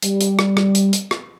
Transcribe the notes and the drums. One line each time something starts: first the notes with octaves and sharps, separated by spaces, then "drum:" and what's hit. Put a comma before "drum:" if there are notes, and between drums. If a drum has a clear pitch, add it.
G3, drum: hi-hat
drum: hi-hat
drum: rim click
drum: rim click
drum: hi-hat
drum: hi-hat
drum: rim click